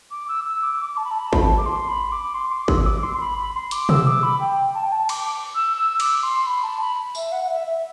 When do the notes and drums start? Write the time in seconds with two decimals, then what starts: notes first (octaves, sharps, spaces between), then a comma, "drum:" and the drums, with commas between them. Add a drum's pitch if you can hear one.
0.11 D6
0.28 E6
0.44 E6
0.62 D6
0.79 D6
0.96 A5
1.04 B5
1.10 A5
1.18 B5
1.26 A5
1.33 B5, drum: kick G#1
1.41 A5
1.57 D6
1.65 C6
1.88 B5
2.11 D6
2.34 C6
2.51 D6
2.68 E6, drum: kick G#1
2.85 D6
3.03 C6
3.13 C6
3.20 B5
3.37 B5
3.54 C6
3.71 D6, drum: hi-hat
3.89 E6, drum: tom
4.06 D6
4.22 B5
4.39 G5
4.74 A5
4.83 G5
4.91 A5
5.09 D6, drum: cymbal
5.54 E6
5.77 E6
6.00 D6, drum: cymbal
6.22 C6
6.46 B5
6.63 A5
6.81 B5
7.15 E5, drum: tambourine
7.32 F#5
7.43 F#5
7.49 E5
7.66 E5